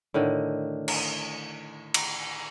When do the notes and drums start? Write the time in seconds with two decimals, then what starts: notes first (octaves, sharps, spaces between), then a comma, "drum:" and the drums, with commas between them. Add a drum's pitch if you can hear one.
0.14 A2 D3 D#3
0.88 drum: cymbal
1.94 drum: cymbal